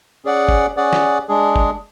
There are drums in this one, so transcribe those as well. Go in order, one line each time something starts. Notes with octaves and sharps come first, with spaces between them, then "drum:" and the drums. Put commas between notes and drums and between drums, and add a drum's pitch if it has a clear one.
C#4 G#4 D5 F#5
drum: kick F#1
C#4 G#4 D5 F#5
drum: snare
G#3 D4 G#4
drum: kick F#1